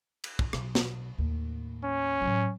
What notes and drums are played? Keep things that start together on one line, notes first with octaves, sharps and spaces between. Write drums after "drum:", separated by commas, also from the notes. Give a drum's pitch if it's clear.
drum: cymbal
drum: kick
B1, drum: rim click
drum: snare
D#2 A2
C#4
A2 F#3